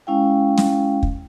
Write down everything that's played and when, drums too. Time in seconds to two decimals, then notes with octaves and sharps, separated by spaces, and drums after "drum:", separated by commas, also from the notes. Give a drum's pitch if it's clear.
0.07 G#3 C#4 E4 F5 G5
0.58 drum: snare
1.03 drum: kick